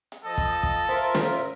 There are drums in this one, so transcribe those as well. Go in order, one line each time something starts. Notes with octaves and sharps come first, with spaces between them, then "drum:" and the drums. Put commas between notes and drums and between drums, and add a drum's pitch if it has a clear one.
drum: hi-hat
F3 A4 D#5
drum: kick, hi-hat
drum: kick
F4 A#4 C5 E5, drum: hi-hat
drum: snare